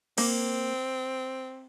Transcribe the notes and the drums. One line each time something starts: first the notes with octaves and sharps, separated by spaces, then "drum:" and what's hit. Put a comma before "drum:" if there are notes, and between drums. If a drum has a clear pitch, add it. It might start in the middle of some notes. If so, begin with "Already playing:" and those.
A#3 C4, drum: cymbal